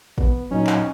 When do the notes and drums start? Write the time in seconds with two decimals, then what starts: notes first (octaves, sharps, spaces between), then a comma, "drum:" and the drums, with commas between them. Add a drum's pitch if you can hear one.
0.18 B3, drum: kick
0.51 A#2 F#3 C#4 D#4
0.67 drum: clap